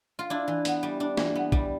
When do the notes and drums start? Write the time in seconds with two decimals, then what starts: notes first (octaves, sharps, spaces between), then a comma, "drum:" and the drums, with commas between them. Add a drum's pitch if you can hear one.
0.19 F4
0.30 D4 E4
0.48 E3
0.65 B3, drum: hi-hat
0.83 G3
1.00 D4
1.17 E3, drum: snare
1.35 B3
1.52 G3, drum: kick